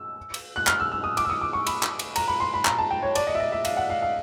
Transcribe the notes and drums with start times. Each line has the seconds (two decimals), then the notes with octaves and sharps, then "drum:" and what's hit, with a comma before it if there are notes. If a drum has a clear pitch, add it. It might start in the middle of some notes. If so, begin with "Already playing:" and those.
Already playing: E6
0.34 drum: cymbal
0.56 F#6
0.67 F6, drum: clap
0.80 E6
0.92 E6
1.04 D#6
1.17 D6, drum: cymbal
1.25 E6
1.30 D#6
1.41 D6
1.53 C#6
1.67 B5, drum: cymbal
1.83 drum: clap
1.99 drum: cymbal
2.16 A#5, drum: cymbal
2.28 B5
2.40 C6
2.54 B5
2.65 A#5, drum: clap
2.79 A5
2.91 G5
3.03 C#5
3.15 D5, drum: cymbal
3.27 D#5
3.35 E5
3.40 D#5
3.52 E5
3.65 F5, drum: cymbal
3.77 F#5
3.90 F5
4.02 F5